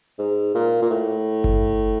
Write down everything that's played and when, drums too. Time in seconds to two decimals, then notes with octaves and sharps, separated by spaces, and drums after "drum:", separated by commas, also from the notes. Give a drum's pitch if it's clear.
0.19 G#2
0.55 A#2
0.82 A#2
0.90 A2
1.44 drum: kick G1